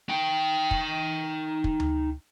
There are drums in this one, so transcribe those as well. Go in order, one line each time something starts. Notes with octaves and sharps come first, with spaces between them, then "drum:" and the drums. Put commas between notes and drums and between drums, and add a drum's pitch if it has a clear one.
D#4 G5
drum: kick
drum: kick
drum: tom D2